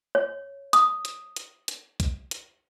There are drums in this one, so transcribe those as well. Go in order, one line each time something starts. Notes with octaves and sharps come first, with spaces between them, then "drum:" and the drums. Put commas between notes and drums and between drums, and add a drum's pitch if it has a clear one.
C#5
D#6, drum: hi-hat
drum: hi-hat
drum: hi-hat
drum: hi-hat
drum: kick, hi-hat
drum: hi-hat